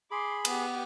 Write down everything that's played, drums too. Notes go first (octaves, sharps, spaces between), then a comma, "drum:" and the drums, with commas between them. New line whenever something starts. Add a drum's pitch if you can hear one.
G#4 B5 C6 D6
B3 G4, drum: cymbal